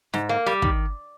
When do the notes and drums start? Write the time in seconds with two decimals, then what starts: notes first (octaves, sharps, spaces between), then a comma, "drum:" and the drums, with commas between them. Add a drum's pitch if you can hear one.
0.13 G#2, drum: snare
0.29 A#3
0.46 G3, drum: snare
0.62 D#3, drum: kick